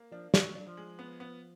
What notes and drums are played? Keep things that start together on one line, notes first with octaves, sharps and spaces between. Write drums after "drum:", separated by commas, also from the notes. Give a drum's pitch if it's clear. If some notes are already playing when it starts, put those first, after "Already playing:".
Already playing: A#3
F3 D4
F#3 D4, drum: snare
D4
F3
G#3
B3
B3